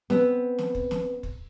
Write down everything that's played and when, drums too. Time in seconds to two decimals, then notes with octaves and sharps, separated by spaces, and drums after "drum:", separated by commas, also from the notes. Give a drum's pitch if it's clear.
0.10 B3 C4, drum: snare
0.58 drum: snare
0.75 drum: kick
0.91 drum: snare
1.23 drum: kick